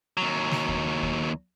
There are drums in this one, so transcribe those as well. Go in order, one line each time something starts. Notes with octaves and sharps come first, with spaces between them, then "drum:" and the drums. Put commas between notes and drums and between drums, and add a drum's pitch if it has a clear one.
D#2 F#3
drum: snare
drum: kick D#2
drum: kick D#2